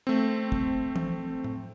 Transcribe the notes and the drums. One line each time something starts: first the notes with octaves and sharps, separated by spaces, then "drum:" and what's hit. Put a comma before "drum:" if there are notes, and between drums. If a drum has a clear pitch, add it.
A3 C4
drum: kick
drum: tom E3
drum: tom A2